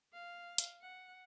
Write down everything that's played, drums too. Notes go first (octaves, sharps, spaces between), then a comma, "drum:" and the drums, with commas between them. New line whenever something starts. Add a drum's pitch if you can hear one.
F5
drum: hi-hat
F#5